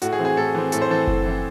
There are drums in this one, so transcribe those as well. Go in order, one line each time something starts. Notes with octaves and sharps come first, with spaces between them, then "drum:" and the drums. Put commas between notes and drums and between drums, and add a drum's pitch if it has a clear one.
A2 F#4, drum: hi-hat
G#4
E3 C4
G#4
A2 A4
E3 C4
A2 A4, drum: hi-hat
C5
E3 C4 A4
A2, drum: kick F#1
E3 C4